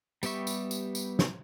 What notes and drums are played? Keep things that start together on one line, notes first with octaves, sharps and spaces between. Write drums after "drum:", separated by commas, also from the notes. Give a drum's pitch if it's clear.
G3 B3 G4 E5 C#6, drum: tambourine
drum: tambourine
drum: tambourine
drum: tambourine
drum: snare